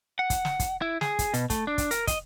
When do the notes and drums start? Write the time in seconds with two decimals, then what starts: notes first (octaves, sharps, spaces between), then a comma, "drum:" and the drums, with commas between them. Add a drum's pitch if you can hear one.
0.19 F#5
0.30 drum: kick, hi-hat
0.45 drum: snare
0.60 drum: kick, hi-hat
0.82 E4
1.01 G#4, drum: snare
1.19 drum: kick, hi-hat
1.34 B2, drum: hi-hat
1.50 A3, drum: kick, hi-hat
1.67 D4
1.78 drum: kick, hi-hat
1.91 A#4, drum: hi-hat
2.07 D#5, drum: kick, hi-hat